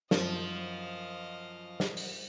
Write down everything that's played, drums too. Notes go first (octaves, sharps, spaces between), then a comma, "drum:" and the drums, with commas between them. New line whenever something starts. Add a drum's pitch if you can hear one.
F#2 F3 D#5 F5, drum: snare
drum: snare
drum: open hi-hat